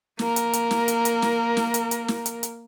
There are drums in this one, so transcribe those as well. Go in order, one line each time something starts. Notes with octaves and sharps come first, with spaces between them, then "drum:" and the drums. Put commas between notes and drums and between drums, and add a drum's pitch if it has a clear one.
A#3 A#4, drum: snare
drum: hi-hat
drum: hi-hat
drum: snare
drum: hi-hat
drum: hi-hat
drum: snare
drum: snare
drum: hi-hat
drum: hi-hat
drum: snare
drum: hi-hat
drum: hi-hat